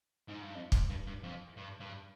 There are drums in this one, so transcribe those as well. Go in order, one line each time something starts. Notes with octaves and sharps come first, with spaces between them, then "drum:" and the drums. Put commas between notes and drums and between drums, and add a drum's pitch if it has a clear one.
G#2
G2
F2
G#2, drum: kick
G2
G2
F2
G2
G2